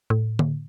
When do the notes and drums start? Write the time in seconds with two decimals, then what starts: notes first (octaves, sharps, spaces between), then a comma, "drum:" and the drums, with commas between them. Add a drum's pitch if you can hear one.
0.10 A2
0.39 drum: tom D3